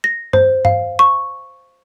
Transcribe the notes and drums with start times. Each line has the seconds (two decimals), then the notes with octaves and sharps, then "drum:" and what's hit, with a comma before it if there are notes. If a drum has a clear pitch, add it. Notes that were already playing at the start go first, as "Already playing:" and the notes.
0.04 A#6
0.33 C5, drum: tom G2
0.65 F5, drum: tom G2
0.99 C#6